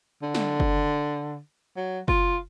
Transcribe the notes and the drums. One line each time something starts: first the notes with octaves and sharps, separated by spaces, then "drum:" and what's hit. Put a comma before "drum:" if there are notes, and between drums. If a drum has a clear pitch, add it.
D3
drum: snare
drum: kick F#1
F#3
F4, drum: kick F#1